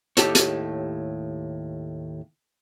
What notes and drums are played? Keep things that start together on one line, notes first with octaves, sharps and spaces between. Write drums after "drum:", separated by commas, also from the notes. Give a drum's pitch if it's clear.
D#2 A2 G4 A4 C#5, drum: hi-hat
drum: hi-hat